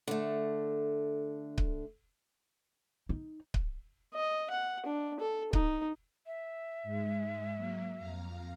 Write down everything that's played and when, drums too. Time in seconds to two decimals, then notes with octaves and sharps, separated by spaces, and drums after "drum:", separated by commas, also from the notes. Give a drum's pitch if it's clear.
0.08 D3 A3
1.58 drum: kick C#1
3.09 D#4
3.54 drum: kick C#1
4.14 D#5
4.50 F#5
4.86 D4
5.20 A4
5.53 D#4, drum: kick C#1
6.27 E5
6.83 G#2 G#3
7.56 F#3 A#3
7.96 F2 F5 A#5